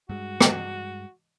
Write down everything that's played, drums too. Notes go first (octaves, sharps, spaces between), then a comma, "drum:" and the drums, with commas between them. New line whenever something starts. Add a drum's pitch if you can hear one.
G2 G#3 F#4
drum: rim click